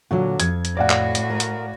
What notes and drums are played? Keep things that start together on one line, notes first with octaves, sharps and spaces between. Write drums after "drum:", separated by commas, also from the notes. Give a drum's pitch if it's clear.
A#2 D3 F#3 F#4
F2 G#6, drum: hi-hat
drum: hi-hat
A2 F#4 D5 F5 F#5
drum: clap
drum: hi-hat
A#4
drum: hi-hat